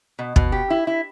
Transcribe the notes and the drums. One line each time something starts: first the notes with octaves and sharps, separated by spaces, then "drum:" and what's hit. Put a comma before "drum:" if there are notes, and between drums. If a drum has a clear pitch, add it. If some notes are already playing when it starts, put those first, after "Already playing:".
B2
B2, drum: kick
G4
E4
E4